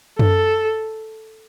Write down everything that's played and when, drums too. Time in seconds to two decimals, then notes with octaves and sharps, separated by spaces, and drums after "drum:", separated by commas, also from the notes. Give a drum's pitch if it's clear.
0.19 A4, drum: tom F#2